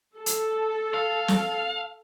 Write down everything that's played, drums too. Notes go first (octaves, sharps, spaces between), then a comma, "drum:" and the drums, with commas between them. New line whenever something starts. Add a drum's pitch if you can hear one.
A4
drum: hi-hat
F5
drum: snare